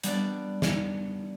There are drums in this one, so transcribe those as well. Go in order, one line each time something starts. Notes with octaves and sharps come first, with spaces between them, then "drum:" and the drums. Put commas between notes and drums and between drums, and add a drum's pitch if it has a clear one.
G3 B3 D4 D5, drum: hi-hat
drum: snare